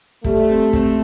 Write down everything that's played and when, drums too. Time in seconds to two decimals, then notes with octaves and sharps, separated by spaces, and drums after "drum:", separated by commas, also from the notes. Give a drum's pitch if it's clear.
0.24 G3 A3, drum: kick
0.49 C4
0.73 C4, drum: kick